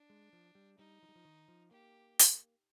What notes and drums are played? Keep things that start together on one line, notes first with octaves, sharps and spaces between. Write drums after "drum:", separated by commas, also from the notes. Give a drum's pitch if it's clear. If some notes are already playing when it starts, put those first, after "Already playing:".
Already playing: D4
G#3
F3
G3
G3 D#4
F3
G3
F3
D#3
F3
A#3 G4
drum: hi-hat